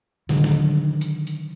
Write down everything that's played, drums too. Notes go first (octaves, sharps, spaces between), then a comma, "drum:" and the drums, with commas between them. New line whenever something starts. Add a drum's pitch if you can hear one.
D3 D#3 F#3, drum: snare
drum: snare
drum: hi-hat
drum: hi-hat